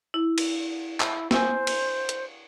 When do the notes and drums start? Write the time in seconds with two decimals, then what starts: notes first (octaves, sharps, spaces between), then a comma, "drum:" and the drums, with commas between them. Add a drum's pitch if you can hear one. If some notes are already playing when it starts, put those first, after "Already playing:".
0.14 E4
0.38 drum: cymbal
1.00 E4, drum: clap
1.31 C5 G#5 E6, drum: snare
1.67 drum: cymbal
2.09 drum: hi-hat